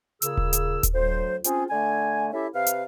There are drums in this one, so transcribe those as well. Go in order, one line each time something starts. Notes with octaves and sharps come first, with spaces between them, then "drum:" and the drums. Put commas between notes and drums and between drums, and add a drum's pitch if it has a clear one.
A#2 C#3 G#4 E6, drum: hi-hat
drum: kick D#1
drum: hi-hat
drum: kick D#1, hi-hat
D2 F#3 C5
C4 C#4 F4 G#4, drum: hi-hat
D3 A3 G#5
C#4 E4 G4 A4 E5
C3 B4 F5
drum: hi-hat